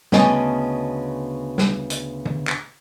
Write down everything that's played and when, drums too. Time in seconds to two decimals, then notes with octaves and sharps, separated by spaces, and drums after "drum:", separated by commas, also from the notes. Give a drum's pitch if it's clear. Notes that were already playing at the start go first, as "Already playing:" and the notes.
0.12 D2 C#3 B3 D#5 G#5 A5, drum: snare
1.58 drum: snare
1.90 drum: hi-hat
2.25 drum: tom
2.48 drum: clap